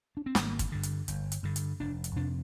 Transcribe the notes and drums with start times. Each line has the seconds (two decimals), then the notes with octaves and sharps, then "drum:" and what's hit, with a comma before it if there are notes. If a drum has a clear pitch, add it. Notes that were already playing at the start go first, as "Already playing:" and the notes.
0.17 D4
0.26 C4
0.35 G#1 A#3, drum: snare
0.59 drum: kick, hi-hat
0.72 G2 D3
0.83 drum: hi-hat
1.08 G1, drum: hi-hat
1.32 drum: hi-hat
1.43 G2 D3
1.56 drum: hi-hat
1.80 F1 D4
2.04 drum: hi-hat
2.16 F2 C3 D4